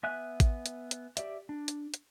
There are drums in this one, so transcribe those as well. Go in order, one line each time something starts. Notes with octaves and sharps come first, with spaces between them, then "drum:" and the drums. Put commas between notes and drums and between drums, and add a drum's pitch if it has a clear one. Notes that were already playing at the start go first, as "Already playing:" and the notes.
B3 E5 G#5 F#6
drum: kick A1, hi-hat
drum: hi-hat
drum: hi-hat
G4 D5 E5, drum: hi-hat
D4
drum: hi-hat
drum: hi-hat